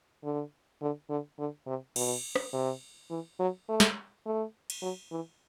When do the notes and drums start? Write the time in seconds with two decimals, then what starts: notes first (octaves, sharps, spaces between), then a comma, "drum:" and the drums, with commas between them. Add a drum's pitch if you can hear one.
0.24 D3
0.82 D3
1.10 D3
1.39 D3
1.67 C3
1.96 B2, drum: cymbal
2.36 drum: rim click
2.53 C3
3.10 E3
3.39 F#3
3.69 A3
3.80 drum: snare
4.26 A3
4.70 drum: cymbal
4.82 F#3
5.11 E3